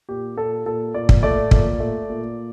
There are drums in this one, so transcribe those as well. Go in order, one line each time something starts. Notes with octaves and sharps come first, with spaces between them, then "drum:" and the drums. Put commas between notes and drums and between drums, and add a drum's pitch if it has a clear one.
A#2 G4
A#2 A4
A#2 A4
A#2 D5
drum: kick
A3 D5
A#2 D5, drum: kick
A3
A#2